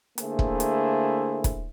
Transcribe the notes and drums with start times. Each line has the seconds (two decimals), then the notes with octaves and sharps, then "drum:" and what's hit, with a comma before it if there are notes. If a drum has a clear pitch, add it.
0.18 D3 A3 A#3 E4 G#4 C5, drum: hi-hat
0.39 drum: kick
0.60 drum: hi-hat
1.44 drum: kick, hi-hat